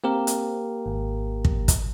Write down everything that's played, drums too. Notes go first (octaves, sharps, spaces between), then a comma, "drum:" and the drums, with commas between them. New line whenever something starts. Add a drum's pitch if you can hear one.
A#3 C4 G4 A#4
drum: hi-hat
G#1
drum: kick
drum: kick, hi-hat